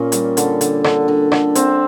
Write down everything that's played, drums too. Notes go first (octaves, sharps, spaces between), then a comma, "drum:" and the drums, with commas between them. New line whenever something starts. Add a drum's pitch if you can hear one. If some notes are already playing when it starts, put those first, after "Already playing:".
Already playing: A#2 C#4
G3, drum: hi-hat
D3, drum: hi-hat
D3, drum: hi-hat
D3, drum: rim click
D3
D3, drum: rim click
D3 C4, drum: hi-hat